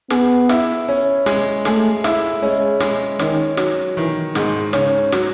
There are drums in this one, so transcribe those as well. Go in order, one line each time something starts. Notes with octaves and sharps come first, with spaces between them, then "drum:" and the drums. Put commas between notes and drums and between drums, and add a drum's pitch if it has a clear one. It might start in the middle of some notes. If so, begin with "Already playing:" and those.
B3 G#4, drum: snare
E4, drum: snare
C#4
G#3, drum: snare
A3 G#4, drum: snare
E4, drum: snare
G#3 C#4
G#3, drum: snare
D#3 C#4, drum: snare
F#3, drum: snare
D#3 E3
G#2 G#3, drum: snare
C#3 C#4, drum: snare
F#3, drum: snare